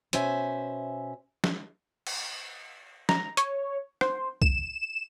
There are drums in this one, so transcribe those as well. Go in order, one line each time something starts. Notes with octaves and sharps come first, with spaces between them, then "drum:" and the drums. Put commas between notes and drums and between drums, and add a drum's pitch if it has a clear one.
B2 C#4 C5 E5 G#5, drum: hi-hat
drum: snare
drum: cymbal
A#5, drum: snare
C#5, drum: hi-hat
C5, drum: rim click
E7, drum: kick C2